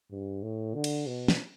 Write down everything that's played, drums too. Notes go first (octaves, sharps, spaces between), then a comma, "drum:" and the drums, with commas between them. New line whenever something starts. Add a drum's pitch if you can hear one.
G2
A2
D3
drum: cymbal
B2
drum: snare